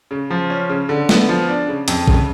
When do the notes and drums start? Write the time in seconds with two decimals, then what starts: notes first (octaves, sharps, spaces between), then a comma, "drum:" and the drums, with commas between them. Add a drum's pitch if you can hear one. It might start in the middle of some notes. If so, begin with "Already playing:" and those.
0.11 C#3
0.31 F3
0.50 C#4
0.69 C#3
0.89 D3
1.09 B3, drum: snare
1.29 F3
1.48 D4
1.68 C#3
1.88 F2, drum: hi-hat
2.08 C#3, drum: kick